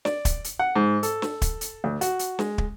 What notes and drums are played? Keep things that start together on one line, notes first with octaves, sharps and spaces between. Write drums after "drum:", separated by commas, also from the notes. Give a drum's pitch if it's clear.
D5, drum: snare
drum: kick, hi-hat
drum: hi-hat
F#5
G#2
A4, drum: hi-hat
drum: snare
drum: kick, hi-hat
drum: hi-hat
D2
F#4, drum: hi-hat
drum: hi-hat
G#3, drum: snare
drum: kick